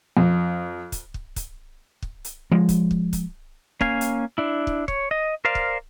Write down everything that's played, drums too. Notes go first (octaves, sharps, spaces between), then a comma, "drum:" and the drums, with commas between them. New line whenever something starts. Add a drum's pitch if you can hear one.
F2
drum: kick, hi-hat
drum: kick
drum: kick, hi-hat
drum: kick
drum: hi-hat
F3 G#3
drum: kick, hi-hat
drum: kick
drum: kick, hi-hat
A#3 C#4 F5 G#5, drum: kick
drum: hi-hat
D4 E4
drum: kick
C#5, drum: kick
D#5
A#4 C5 D5 F5
drum: kick